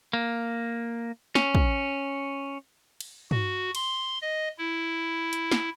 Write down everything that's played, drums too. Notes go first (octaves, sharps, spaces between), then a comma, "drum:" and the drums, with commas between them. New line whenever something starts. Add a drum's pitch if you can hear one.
A#3
C#4, drum: snare
drum: kick
drum: cymbal
F#4, drum: tom
C6, drum: cymbal
D#5
E4
drum: hi-hat
drum: snare